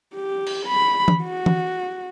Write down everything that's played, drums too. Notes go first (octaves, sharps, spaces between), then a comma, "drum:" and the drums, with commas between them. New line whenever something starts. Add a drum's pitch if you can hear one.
G4
drum: cymbal
B5
drum: tom E3
F#4
drum: tom E3